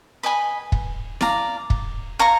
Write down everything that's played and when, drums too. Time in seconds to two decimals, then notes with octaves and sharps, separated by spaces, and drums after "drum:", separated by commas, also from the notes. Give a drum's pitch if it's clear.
0.23 B4 D#5 G#5 B5
0.72 drum: kick
1.21 D5 F5 A#5, drum: snare E4
1.70 drum: kick
2.19 C#5 F5 A#5 C#6